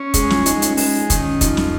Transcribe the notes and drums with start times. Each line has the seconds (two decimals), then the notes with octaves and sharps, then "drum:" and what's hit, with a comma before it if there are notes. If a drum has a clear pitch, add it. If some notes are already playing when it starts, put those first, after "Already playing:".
Already playing: C#4
0.14 G#3 G#4, drum: kick, hi-hat
0.30 F4, drum: snare
0.46 G#3 D#4, drum: hi-hat
0.62 C#4, drum: hi-hat
0.77 G#3 D#4, drum: open hi-hat
0.98 C#4
1.10 D#3, drum: kick, hi-hat
1.20 C#4
1.41 F2 D#4, drum: kick, hi-hat
1.57 drum: snare